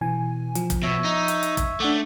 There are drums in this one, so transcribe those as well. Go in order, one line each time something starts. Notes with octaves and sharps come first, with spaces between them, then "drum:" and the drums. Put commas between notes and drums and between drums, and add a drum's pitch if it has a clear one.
B2 E3 G#5
F3, drum: hi-hat
drum: kick, hi-hat
B2 C#5 E5
D#4
drum: hi-hat
drum: hi-hat
drum: kick, hi-hat
A3 D4 F#5 D6